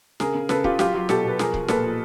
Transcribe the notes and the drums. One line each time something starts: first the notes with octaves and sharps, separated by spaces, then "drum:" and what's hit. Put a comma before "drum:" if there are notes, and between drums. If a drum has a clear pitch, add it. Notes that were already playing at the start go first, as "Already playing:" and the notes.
C#3 G#4 A#4, drum: snare
C#3
C#3 A4 B4, drum: snare
C#3 F4 G4, drum: kick C#1
F#3 F4 G4, drum: snare
F#3 F4
B2 G4 A4, drum: snare
B2 B4
F3 G#4 A#4, drum: snare
F3, drum: kick C#1
A#2 A4 B4, drum: snare
F3